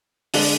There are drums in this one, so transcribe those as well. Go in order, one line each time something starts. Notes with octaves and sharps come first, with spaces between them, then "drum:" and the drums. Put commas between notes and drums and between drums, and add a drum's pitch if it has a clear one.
D3 G#3 D4, drum: open hi-hat